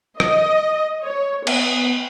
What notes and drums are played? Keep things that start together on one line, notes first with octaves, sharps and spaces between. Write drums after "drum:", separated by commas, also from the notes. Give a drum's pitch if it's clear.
D#5, drum: rim click
C#5
B3, drum: cymbal